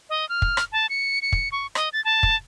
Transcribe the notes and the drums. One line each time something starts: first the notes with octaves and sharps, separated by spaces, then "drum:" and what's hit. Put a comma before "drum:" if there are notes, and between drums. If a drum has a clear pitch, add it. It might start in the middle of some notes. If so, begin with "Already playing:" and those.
D#5
F6
drum: kick
drum: rim click
A5
C#7
C#7
drum: kick
C#6
D#5, drum: rim click
A6
A5
drum: kick